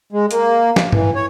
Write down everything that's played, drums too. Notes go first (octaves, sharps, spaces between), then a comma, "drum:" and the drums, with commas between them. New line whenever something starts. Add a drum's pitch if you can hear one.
G#3
A#3, drum: hi-hat
drum: snare
E3, drum: tom G2
C#5